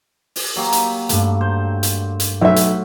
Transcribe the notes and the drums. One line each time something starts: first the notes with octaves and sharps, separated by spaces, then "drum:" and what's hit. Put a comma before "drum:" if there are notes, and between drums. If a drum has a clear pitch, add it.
drum: open hi-hat
F#3 A#3 G4
drum: hi-hat
G2 A3, drum: hi-hat
C5 G6
drum: hi-hat
drum: hi-hat
B1 A2 F#3 E5 B6
drum: hi-hat